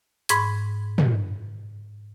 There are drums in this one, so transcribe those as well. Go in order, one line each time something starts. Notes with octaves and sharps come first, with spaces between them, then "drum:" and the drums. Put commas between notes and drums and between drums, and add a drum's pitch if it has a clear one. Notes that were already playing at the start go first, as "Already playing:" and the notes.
G#2 B5 C#6 G#6, drum: hi-hat
drum: tom